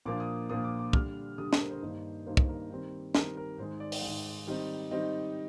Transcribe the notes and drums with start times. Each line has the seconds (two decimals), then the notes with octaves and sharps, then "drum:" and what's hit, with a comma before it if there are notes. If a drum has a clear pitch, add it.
0.06 A#2 F3 A#3 D4 D6
0.20 D#6
0.50 A#2 F3 A#3 D4 D#6
0.64 D6
0.79 D6
0.93 D3 G3 D4 F6, drum: kick
1.38 D3 G3 D4 D#6
1.53 C5, drum: snare
1.60 A#4
1.70 C5
1.82 G2 D#3 A#3 D#4
2.26 G2 D#3 A#3 D#4 C5
2.37 drum: kick
2.49 A#4
2.70 D#3 G3 C4
3.15 D#3 G3 C4 A#4, drum: snare
3.37 A#4
3.58 G#2 D#3 G#3 C5
3.80 D5
3.92 drum: open hi-hat
4.02 G#2 D#3 G#3
4.47 D#3 G3 C4 D#4
4.91 D#3 G3 C4 D#4 D#5